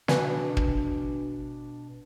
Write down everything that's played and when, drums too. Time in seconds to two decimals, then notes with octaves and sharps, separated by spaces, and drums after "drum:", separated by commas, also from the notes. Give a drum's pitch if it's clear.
0.08 B2 D4 F#4 B4 G#5, drum: snare
0.57 drum: kick